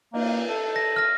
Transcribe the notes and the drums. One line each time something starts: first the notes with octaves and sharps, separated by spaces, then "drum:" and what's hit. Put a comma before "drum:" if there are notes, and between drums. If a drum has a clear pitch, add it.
A#3, drum: cymbal
A4
A#6
F6 A#6